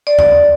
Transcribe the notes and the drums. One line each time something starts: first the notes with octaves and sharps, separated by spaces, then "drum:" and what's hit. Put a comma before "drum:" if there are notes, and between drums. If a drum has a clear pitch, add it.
D5
drum: tom E2